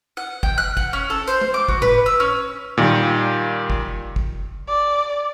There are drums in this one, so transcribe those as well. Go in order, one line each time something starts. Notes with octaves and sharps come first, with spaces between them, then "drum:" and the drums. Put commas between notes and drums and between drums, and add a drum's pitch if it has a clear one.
F#5
G5, drum: kick
F#6
F#5, drum: kick
C#4
A4
C5, drum: hi-hat
drum: tom
D6
F#4, drum: kick
B4, drum: tom A2
E6
C#4
A#2 D#3 G3
drum: kick
drum: kick
D5